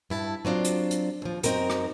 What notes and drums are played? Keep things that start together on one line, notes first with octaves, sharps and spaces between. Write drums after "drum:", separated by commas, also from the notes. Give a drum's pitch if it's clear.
G2 E4 A5
F#3 C4 D4 F4
drum: hi-hat
drum: hi-hat
D#2 F3
F#2 C4 D#4 A#4 G5, drum: hi-hat
drum: rim click